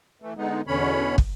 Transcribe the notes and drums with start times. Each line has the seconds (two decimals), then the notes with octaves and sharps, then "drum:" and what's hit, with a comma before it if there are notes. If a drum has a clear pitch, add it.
0.22 E3 A3
0.37 D3 G#3 B3 D#4
0.67 E2 B2 D3 C#4 C#5 B5
1.18 drum: kick